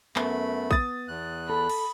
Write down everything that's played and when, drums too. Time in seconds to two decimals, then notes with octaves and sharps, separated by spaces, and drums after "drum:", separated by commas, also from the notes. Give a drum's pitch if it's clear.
0.16 F#2 A3 B3 B5, drum: clap
0.71 D#6 A6, drum: kick A#1
1.08 E2 F#6
1.50 A4 B5
1.69 drum: cymbal